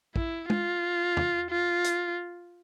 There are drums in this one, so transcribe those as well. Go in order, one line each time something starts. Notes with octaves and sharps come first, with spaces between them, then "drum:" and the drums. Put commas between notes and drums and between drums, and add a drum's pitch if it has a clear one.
E4, drum: kick
F4, drum: tom
drum: tom
F4
drum: hi-hat